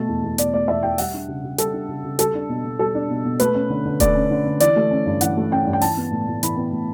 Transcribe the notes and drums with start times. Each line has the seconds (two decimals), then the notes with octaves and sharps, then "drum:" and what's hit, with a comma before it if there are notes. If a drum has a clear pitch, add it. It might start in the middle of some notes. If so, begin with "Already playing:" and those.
Already playing: B2 A3 A5
0.09 E2
0.24 E2
0.38 B2 D5, drum: hi-hat
0.53 A3 D5
0.68 E2 E5
0.83 E2 G5
0.98 G3 F#5, drum: open hi-hat
1.14 D4
1.28 C#3
1.44 C#3
1.58 G3 A4, drum: hi-hat
1.73 D4
1.89 C#3
2.04 C#3
2.19 G3 A4, drum: hi-hat
2.35 D4
2.49 B2
2.65 B2
2.79 G3 A4
2.95 D4
3.10 B2
3.25 B2
3.40 A3 B4, drum: hi-hat
3.55 C#4
3.70 D3
3.85 D3
4.00 A3 D5, drum: kick D#1, hi-hat
4.15 C#4
4.31 D3
4.46 D3
4.60 E3 D5, drum: hi-hat
4.76 A3
4.91 C#4
5.06 G2
5.21 E3 F#5, drum: hi-hat
5.37 A3
5.51 C#4 G5
5.66 G2
5.73 G5
5.81 E3 A5, drum: open hi-hat
5.97 B3
6.12 A2
6.28 A2
6.43 E3 B5, drum: hi-hat
6.57 B3
6.72 A2